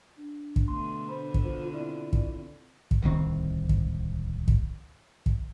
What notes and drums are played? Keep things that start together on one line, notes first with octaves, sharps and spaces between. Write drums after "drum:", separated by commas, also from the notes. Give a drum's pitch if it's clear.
D4
drum: kick
B2 D3 A3 C6
C5 B5
drum: kick
F4 C5
C4 E4 F4 D5
drum: kick
drum: kick
D1 C2 D#3 C4
drum: kick
drum: kick
drum: kick